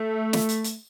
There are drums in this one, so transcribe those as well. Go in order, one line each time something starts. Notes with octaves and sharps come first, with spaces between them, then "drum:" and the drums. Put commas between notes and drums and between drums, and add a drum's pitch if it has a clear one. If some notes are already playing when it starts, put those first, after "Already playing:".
Already playing: A3
drum: snare
drum: hi-hat
drum: hi-hat